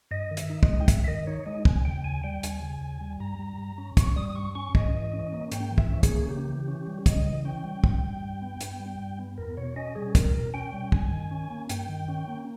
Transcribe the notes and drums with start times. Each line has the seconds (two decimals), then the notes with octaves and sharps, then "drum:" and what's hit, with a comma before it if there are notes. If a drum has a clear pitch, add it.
0.11 G2 D#5
0.31 D#3
0.37 E5, drum: hi-hat
0.50 D#4
0.63 D#5, drum: kick
0.69 G#3
0.80 G5
0.88 G2 E5, drum: kick, hi-hat
1.04 E5
1.08 D#3 D#5
1.27 D#4 C#5
1.46 G#3 D#5
1.65 D#2 G#5, drum: kick
1.85 C#3 G5
2.04 D#2 G#5
2.23 G3 G5
2.43 D#2 G#5, drum: hi-hat
2.62 C#3
2.81 D#2
3.01 G3
3.20 G2 A#5
3.39 G3
3.59 G2
3.78 C#4
3.97 G2 C#6, drum: kick, hi-hat
4.16 G3 D#6
4.29 D#6
4.35 G2 C#6
4.55 C#4 C#6
4.75 G#2 D#5, drum: kick
4.94 E3
5.13 C#4
5.32 A#3
5.52 G#2 G5, drum: hi-hat
5.71 E3
5.78 E5, drum: kick
5.90 C#4
6.03 G#4, drum: kick, hi-hat
6.09 A#3
6.29 C#3 G4
6.48 E3
6.68 C#4
6.87 G3
7.06 C#3 D#5, drum: kick, hi-hat
7.26 E3
7.45 C#4 G5
7.64 G3
7.84 G2, drum: kick
8.03 G3
8.22 G2
8.42 B3
8.61 G2, drum: hi-hat
8.80 G3
8.99 G2
9.19 B3
9.38 E2 A#4
9.57 B2 C#5
9.76 C#4 D#5
9.95 G3 G#4
10.15 E2 A#4, drum: kick, hi-hat
10.34 B2
10.54 C#4 G5
10.73 G3
10.92 G2 G#5, drum: kick
11.11 D#3
11.31 C#4
11.50 A#3
11.69 G2 G5, drum: hi-hat
11.89 D#3
12.08 C#4
12.28 A#3